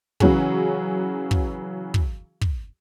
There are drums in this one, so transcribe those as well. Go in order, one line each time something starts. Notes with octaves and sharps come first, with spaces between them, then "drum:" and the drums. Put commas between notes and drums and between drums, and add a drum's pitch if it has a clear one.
C#3 E3 F#3 C#4 F#4 G#4, drum: kick
drum: kick
drum: kick
drum: kick